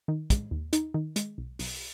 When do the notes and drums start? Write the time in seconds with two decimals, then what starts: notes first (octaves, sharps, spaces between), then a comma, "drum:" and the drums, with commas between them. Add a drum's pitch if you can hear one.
0.08 D#3
0.30 G#3, drum: kick, hi-hat
0.51 D#2
0.73 D#4, drum: hi-hat
0.94 D#3
1.16 G#3, drum: hi-hat
1.38 B1
1.59 B1, drum: open hi-hat